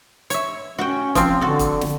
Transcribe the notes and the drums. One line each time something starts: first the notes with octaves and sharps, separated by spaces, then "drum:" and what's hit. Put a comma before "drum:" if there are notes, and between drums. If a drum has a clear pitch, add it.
C#5 E5, drum: hi-hat
C#4 F#4 F#5 G5
F3 C4, drum: kick, hi-hat
D3 F#4 A4
drum: kick, hi-hat
drum: snare